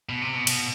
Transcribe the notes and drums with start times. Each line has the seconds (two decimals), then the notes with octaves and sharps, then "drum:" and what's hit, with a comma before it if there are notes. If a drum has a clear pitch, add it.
0.09 B2
0.22 C3
0.35 B2
0.47 B2, drum: cymbal